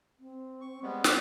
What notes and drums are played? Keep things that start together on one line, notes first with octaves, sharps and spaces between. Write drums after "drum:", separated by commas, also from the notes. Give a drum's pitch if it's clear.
C4
C#6
G3 G#3 B3
drum: snare